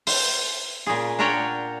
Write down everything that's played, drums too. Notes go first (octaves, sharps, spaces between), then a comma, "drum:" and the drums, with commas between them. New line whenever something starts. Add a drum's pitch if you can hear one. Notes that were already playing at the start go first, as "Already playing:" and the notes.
C5, drum: open hi-hat
A#2 C#3 G#4
D4 F4 A#4 C#5 F#5 G5